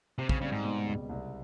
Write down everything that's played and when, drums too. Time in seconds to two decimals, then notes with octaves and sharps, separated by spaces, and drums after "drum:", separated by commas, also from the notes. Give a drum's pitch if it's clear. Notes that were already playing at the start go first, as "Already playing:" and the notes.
0.18 C3 C4
0.29 C#3, drum: kick
0.41 C#3 G3
0.52 G#2
0.64 B2
0.86 C#2
1.09 C2